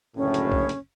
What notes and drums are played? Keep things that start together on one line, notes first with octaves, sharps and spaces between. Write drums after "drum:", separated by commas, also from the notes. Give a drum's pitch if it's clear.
F#1 D2 A2 C#4
drum: hi-hat
drum: kick B1
drum: hi-hat